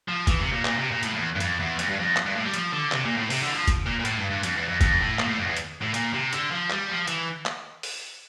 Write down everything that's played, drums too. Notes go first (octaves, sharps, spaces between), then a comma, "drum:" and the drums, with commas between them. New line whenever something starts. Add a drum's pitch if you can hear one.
F3
E3, drum: kick F#1, hi-hat
C3
A#2
A#2, drum: clap
C3
A#2
A2, drum: hi-hat
F2
E2
G2
F2, drum: hi-hat
E2
F2, drum: hi-hat
G2
F2
drum: clap
G2
A2
G3
F3, drum: hi-hat
D3
C3, drum: clap
A#2
A2
C3, drum: open hi-hat
D3
E3
F3
drum: kick F#1, hi-hat
A#2
A#2
A2, drum: hi-hat
G2
G2
F2, drum: hi-hat
E2
F2
F2, drum: kick F#1, hi-hat
A2
A#2, drum: clap
A2
F2
E2
drum: hi-hat
A2
A#2, drum: hi-hat
C3
D3, drum: hi-hat
F3
G3, drum: clap
F3
E3, drum: hi-hat
drum: clap
drum: open hi-hat